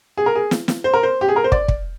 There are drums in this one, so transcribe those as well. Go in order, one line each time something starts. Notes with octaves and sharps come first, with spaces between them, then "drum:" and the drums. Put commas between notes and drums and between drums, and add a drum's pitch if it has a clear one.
G#4
A#4
G#4
drum: snare
drum: snare
C5
A#4
C5
G4
G#4
A#4
C5
D5, drum: kick
drum: kick